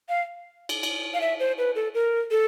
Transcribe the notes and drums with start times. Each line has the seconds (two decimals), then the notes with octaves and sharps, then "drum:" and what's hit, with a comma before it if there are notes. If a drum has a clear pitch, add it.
0.09 F5
0.69 drum: cymbal
0.83 drum: cymbal
1.14 F5
1.21 E5
1.39 C5
1.58 B4
1.75 A4
1.94 A#4
2.31 A4